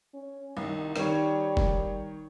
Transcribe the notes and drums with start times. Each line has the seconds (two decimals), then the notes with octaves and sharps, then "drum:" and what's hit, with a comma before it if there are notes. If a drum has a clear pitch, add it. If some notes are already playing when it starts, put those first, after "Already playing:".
0.14 C#4
0.57 C2 D#3
0.96 D#3 G3 C#5, drum: rim click
1.57 drum: kick